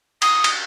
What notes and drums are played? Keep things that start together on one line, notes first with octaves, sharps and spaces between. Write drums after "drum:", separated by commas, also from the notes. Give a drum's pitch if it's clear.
D#6, drum: cymbal
drum: cymbal